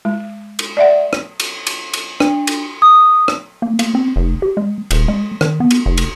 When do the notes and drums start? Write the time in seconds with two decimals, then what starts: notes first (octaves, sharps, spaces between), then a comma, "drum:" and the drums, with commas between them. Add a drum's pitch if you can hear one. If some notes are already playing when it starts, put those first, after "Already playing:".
0.05 G#3
0.59 drum: cymbal
0.77 D5 E5 F#5
1.13 drum: rim click
1.40 drum: cymbal
1.67 drum: cymbal
1.93 drum: cymbal
2.20 D4, drum: rim click
2.47 drum: cymbal
2.82 D#6
3.28 drum: rim click
3.62 A#3
3.79 A#3, drum: cymbal
3.95 C4
4.16 F1
4.42 G4
4.57 G#3
4.91 D#1, drum: cymbal
5.08 G#3
5.41 D#3, drum: rim click
5.60 B3
5.71 drum: cymbal
5.86 F1
5.98 drum: cymbal